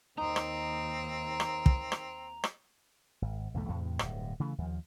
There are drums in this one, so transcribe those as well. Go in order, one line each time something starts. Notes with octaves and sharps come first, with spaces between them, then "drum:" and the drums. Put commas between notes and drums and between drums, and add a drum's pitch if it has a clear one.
D#2 C4 D#4 A#5
drum: rim click
drum: rim click
drum: kick
drum: rim click
drum: rim click
G#1
B1 E2 G#2 A3
E2 A2 C3
D1 G2, drum: rim click
C#3 E3 A3
D#2 F3